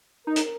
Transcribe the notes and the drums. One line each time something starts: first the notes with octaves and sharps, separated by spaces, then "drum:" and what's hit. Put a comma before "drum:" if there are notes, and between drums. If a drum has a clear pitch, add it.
D#4 A#4
drum: hi-hat